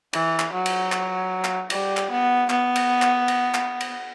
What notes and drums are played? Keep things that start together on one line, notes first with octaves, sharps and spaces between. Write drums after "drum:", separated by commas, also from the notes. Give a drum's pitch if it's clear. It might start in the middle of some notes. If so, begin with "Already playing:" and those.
E3, drum: cymbal
drum: clap
F#3
drum: cymbal
drum: clap
drum: clap
G3, drum: cymbal
drum: clap
B3
B3, drum: clap
drum: cymbal
drum: clap
drum: cymbal
drum: clap
drum: cymbal